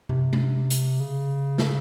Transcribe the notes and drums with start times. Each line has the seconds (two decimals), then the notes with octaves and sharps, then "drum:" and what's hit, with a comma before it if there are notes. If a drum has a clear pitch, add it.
0.09 C3, drum: tom G2
0.33 drum: tom G#3
0.70 drum: hi-hat
1.00 C#3
1.58 drum: snare